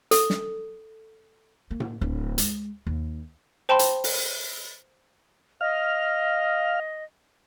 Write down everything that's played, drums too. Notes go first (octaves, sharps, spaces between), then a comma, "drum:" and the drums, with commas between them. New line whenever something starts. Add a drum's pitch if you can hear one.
A4, drum: hi-hat
drum: snare
A#3
drum: tom A2
D1
G#3, drum: hi-hat
D#2
C5 G5 A5 B5 C6
drum: hi-hat
drum: open hi-hat
D#5 F5 F6